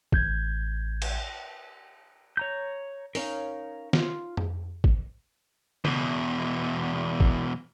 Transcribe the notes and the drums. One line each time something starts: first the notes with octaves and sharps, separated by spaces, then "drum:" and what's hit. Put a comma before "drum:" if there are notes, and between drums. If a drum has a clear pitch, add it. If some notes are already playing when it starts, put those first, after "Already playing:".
A1 G6 G#6, drum: kick
drum: cymbal
C#5 A#5 G6
C#4 D#4 A#4 C#5 F5, drum: open hi-hat
F4, drum: snare
drum: tom F2
drum: kick
E2 B2, drum: tom C#3
drum: kick